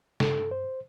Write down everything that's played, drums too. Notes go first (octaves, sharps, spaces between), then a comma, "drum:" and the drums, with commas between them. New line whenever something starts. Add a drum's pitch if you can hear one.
G2 A4, drum: snare
C5